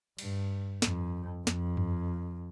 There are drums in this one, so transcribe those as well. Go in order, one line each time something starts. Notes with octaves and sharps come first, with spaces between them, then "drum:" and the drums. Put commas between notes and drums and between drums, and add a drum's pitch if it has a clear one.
G2, drum: cymbal
F2, drum: snare
F2, drum: snare
drum: tom F#2